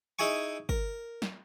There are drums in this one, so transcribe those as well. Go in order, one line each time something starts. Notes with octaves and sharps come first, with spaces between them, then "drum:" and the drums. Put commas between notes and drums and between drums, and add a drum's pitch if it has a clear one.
D#4 E4 G#4 G#5 C#6
A#4, drum: kick
drum: snare